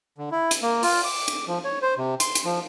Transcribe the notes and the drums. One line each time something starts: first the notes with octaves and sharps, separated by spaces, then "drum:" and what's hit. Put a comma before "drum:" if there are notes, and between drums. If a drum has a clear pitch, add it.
D3
E4
drum: hi-hat
A#3
F4, drum: open hi-hat
D6
drum: hi-hat
F3
C#5
C5
C3
C6, drum: hi-hat
drum: hi-hat
F3